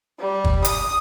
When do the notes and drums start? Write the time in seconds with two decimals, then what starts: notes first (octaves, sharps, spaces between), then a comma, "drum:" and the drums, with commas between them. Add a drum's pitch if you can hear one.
0.19 G3
0.44 drum: kick
0.65 D#6, drum: hi-hat